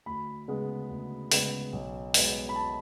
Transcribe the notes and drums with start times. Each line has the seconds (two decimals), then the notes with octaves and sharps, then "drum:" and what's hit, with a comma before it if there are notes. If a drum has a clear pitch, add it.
0.06 D2 B5
0.48 C#3 G#3 B3
0.89 D2
1.32 C#3 G#3 B3, drum: open hi-hat
1.73 B1
2.14 B2 G#3 B3, drum: open hi-hat
2.49 B5
2.56 A5